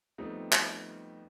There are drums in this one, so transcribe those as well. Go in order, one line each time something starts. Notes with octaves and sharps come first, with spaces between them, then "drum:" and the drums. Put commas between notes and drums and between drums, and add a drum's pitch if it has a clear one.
F2 G3 A3 B3 C4 D#4
drum: clap